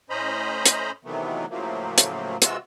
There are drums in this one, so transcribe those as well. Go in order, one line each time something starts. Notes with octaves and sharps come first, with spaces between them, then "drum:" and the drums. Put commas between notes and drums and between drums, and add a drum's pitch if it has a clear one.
A2 C#4 C5 D#5 A#5 B5
drum: hi-hat
C3 D#3 E3 F#3 A3 B3
A2 C#3 F3 F#3 A3 A#3
drum: hi-hat
C3 E3 G#3 F4 F#4 E6, drum: hi-hat